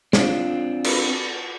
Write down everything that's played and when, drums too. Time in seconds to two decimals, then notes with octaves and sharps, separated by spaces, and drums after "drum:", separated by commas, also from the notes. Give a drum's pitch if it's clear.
0.13 C4 D4 F4, drum: snare
0.84 drum: cymbal